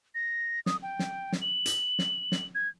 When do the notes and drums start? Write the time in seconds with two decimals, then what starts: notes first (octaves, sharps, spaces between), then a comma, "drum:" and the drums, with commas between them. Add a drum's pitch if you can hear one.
0.15 A#6
0.66 D#6, drum: snare
0.83 G5
0.99 drum: snare
1.32 drum: snare
1.42 F#7
1.66 drum: hi-hat
1.99 drum: snare
2.32 drum: snare
2.55 G#6